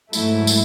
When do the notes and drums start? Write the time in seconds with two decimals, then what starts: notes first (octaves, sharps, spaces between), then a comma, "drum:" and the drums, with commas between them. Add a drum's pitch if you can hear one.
0.13 G#2 F#3 A3 E4, drum: tambourine
0.47 drum: tambourine